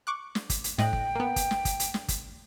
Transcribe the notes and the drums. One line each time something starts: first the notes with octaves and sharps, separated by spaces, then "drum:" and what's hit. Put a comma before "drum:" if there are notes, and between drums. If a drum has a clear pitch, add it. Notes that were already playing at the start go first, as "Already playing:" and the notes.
C#6 D6 F#6
drum: snare
drum: kick, hi-hat
drum: hi-hat
A2 D#5 G5 F#6, drum: snare
drum: kick
A#3 B3
drum: kick, hi-hat
drum: snare
drum: kick, hi-hat
drum: hi-hat
drum: snare
drum: kick, hi-hat